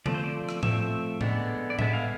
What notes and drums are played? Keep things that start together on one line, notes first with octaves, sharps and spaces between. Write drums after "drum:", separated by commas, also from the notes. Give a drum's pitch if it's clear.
F3 A3 C4 D5, drum: tom D3
C5
D5
drum: rim click
F3 A3 C4 E5, drum: tom A2
D3 G#3 B3 D5, drum: tom A2
D5
D3 G#3 B3 E5, drum: tom A2
F5